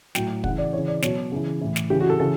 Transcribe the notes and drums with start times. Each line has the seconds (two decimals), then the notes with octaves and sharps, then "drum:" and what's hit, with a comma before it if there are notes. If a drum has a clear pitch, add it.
0.15 A2 F#3 G5, drum: snare
0.44 C#3 E3 F#5, drum: kick
0.58 D5
0.73 C#3 E3 C#5
0.88 D5
1.02 B2 F#3 C#5, drum: snare
1.32 C#3 E3
1.61 A2 E3
1.76 drum: snare
1.90 C#3 E3 G4
2.00 F#4
2.10 A4
2.20 C#3 E3 A4